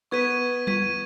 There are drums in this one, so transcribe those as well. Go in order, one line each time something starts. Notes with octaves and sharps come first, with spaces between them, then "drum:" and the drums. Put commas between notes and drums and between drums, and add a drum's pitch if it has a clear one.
B3 C#6 G#6 B6 D#7
C#6 G#6 B6 D#7, drum: tom G3